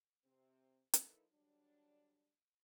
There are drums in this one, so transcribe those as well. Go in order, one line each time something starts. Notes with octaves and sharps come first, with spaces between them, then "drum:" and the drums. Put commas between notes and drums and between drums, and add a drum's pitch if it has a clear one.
C3 C4
F3 A#3 D#4 E4 A4 B4, drum: hi-hat
D3 F#3 G3 D4